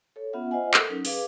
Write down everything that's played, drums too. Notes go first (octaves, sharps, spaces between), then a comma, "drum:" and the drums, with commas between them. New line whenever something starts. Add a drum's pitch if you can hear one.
A4 C#5
B3 C#4 F4 E5 F#5
F4 C5 D#5 E5 F#5 G#5
A4 A#4, drum: clap
F#3 C#4 D#4
G#4 B4 F5 D6, drum: open hi-hat